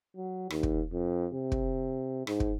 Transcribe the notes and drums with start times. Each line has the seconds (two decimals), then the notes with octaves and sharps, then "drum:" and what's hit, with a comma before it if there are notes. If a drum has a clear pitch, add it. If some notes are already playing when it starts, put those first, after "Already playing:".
0.16 F#3
0.50 D#2, drum: rim click
0.63 drum: kick
0.93 F2
1.33 C3
1.52 drum: kick
2.27 G#2, drum: rim click
2.40 drum: kick